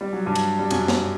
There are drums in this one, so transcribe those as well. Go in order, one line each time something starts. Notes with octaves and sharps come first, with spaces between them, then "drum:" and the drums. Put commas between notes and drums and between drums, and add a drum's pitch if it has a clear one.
G3
F#3
G2 G3
drum: cymbal
G3
F#2 F#3, drum: cymbal
drum: snare